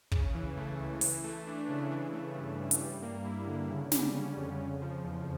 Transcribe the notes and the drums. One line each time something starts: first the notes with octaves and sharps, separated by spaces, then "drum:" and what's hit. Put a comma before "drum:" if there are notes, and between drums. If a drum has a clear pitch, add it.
C#3, drum: kick
E3
A3
C#2
E3, drum: open hi-hat
A3
D4
C#3
E3
A3
G2
G2
drum: hi-hat
G3
A#3
E4
D3
C#3
G3, drum: snare
C#4
F2
C#3
F3
E2